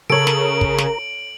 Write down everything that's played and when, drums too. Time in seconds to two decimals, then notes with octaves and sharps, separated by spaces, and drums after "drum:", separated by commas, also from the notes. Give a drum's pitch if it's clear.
0.10 C#3 A4 A#4 C#5 D7 F#7
0.27 drum: snare
0.61 drum: kick
0.78 drum: snare